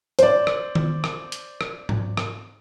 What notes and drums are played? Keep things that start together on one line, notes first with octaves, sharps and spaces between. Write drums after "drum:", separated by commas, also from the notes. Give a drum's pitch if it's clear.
C5 D5, drum: hi-hat
drum: rim click
drum: tom D#3
drum: rim click
drum: hi-hat
drum: rim click
drum: tom G#2
drum: rim click